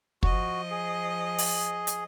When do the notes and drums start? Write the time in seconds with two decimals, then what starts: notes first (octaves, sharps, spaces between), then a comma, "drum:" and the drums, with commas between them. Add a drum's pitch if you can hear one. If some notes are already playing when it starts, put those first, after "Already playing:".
0.23 F3 F#4 D#5, drum: kick
0.71 G#4
1.38 drum: open hi-hat
1.87 drum: hi-hat